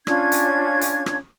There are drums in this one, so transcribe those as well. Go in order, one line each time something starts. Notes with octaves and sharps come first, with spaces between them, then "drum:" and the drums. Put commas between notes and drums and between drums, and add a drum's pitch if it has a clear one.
C#4 D4 F4 G#6, drum: rim click
drum: hi-hat
drum: hi-hat
drum: rim click